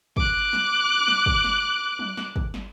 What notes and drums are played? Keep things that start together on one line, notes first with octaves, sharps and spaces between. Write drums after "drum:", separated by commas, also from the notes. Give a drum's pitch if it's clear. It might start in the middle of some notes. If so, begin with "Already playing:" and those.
D6 F#6, drum: kick
drum: snare
drum: snare
drum: kick
drum: snare
drum: tom F#3
drum: snare
drum: kick
drum: snare